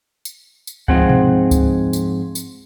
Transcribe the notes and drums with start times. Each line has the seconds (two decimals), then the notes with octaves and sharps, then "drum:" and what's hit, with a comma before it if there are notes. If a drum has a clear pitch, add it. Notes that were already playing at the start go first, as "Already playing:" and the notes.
0.25 drum: tambourine
0.67 drum: tambourine
0.88 G#2 F3 C4 G#4 F#5, drum: kick
1.09 drum: tom B2
1.51 drum: kick, tambourine
1.93 drum: tambourine
2.35 drum: tambourine